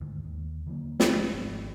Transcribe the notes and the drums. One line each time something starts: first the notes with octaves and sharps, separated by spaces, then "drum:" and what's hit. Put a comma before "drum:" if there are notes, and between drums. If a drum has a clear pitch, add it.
D2 G#2 D#3
D#2
D3 E3 F#3 A#3
D2, drum: snare
F3 A3 A#3
G#1